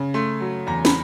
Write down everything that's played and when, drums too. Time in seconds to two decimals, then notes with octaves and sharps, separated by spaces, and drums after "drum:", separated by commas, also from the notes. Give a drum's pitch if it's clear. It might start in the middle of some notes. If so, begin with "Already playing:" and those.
Already playing: C#3
0.14 A3 C6
0.40 F#3
0.67 E2 A#5
0.85 B5, drum: snare